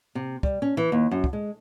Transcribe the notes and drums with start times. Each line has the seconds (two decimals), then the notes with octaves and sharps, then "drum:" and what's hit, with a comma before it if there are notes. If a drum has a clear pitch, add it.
0.15 C3
0.43 G3, drum: kick
0.62 C#4
0.77 E3
0.92 D#2
1.11 F#2
1.24 drum: kick
1.33 G#3